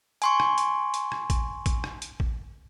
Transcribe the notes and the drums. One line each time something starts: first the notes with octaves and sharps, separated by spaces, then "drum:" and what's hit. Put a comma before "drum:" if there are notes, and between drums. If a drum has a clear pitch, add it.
G#5 C6 C#6, drum: hi-hat
drum: rim click
drum: hi-hat
drum: hi-hat
drum: rim click
drum: kick A1, hi-hat
drum: kick A1, hi-hat
drum: rim click
drum: hi-hat
drum: kick A1